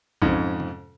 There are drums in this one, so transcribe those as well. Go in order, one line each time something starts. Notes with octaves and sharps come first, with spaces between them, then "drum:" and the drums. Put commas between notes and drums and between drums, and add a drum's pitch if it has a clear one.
F2 G#2 C#3, drum: kick A#1
drum: tom C3